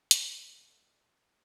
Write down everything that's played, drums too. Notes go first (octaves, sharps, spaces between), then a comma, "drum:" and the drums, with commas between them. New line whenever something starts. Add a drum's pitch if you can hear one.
C#2 D3 A3 B3, drum: hi-hat